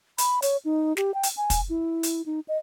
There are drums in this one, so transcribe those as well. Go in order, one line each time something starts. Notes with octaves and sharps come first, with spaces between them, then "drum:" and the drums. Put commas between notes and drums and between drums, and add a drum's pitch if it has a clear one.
B5, drum: hi-hat
C#5, drum: hi-hat
D#4
G4, drum: snare
G5
drum: hi-hat
G#5
drum: kick, hi-hat
E4
drum: hi-hat
D#4
D#5